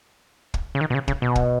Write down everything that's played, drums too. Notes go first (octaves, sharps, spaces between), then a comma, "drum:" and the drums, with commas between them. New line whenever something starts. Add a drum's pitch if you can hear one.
drum: kick
C#3
D#3
B2
C#3
C#3, drum: kick
B2
drum: kick